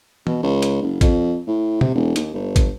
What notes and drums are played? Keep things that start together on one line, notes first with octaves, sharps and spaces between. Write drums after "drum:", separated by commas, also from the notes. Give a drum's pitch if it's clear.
B2, drum: tom E3
C#2
drum: hi-hat
F#1
F2, drum: kick A1, hi-hat
A2
C3, drum: tom
E1
D#2, drum: hi-hat
G1
drum: kick A1, hi-hat